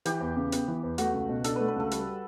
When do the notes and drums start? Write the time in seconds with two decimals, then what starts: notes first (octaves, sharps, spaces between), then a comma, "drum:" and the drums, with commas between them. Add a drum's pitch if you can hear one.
0.05 E3 G4, drum: hi-hat
0.21 E2
0.36 C#3
0.52 B3, drum: hi-hat
0.68 E3
0.83 E2
0.98 A3 F#4, drum: hi-hat
1.14 C#2
1.29 B2
1.44 D4 A4, drum: hi-hat
1.56 A3 B4
1.68 B4
1.76 C#2 A4
1.91 G3, drum: hi-hat